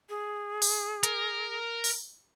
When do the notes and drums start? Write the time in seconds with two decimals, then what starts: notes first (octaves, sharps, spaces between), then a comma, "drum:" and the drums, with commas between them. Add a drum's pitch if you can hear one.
0.09 G#4
0.62 drum: open hi-hat
1.03 A#4, drum: hi-hat
1.84 drum: open hi-hat